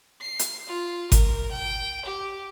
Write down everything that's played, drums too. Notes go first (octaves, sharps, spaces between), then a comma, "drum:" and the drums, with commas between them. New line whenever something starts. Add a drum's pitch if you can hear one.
C7
drum: hi-hat
F4
A#4, drum: kick G#1, hi-hat
G5
G4